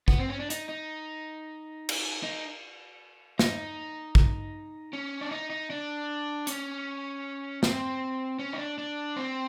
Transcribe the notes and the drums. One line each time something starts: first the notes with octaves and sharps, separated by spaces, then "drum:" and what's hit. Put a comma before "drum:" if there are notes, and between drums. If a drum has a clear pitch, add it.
B3, drum: kick
C4
C#4
D4
D#4, drum: hi-hat
D#4
drum: cymbal
D#4
D#4, drum: snare
drum: kick
C#4
D4
D#4
D#4
D4
C#4, drum: hi-hat
C4, drum: snare
C#4
D#4
D4
D4
C4